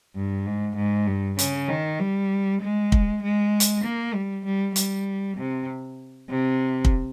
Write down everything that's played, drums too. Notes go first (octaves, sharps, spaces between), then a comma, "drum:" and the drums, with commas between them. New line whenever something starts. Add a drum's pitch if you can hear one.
G2
G#2
G#2
G2
C#3, drum: hi-hat
D#3
G3
G#3
drum: kick
G#3
drum: hi-hat
A#3
G3
G3
G3, drum: hi-hat
C3
C3
drum: kick